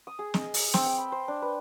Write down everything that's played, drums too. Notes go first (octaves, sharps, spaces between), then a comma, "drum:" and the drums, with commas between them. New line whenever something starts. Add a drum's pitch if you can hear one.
D#6
G#4
D#5, drum: snare
drum: open hi-hat
C4, drum: snare
G5
B5
C5
D4
B4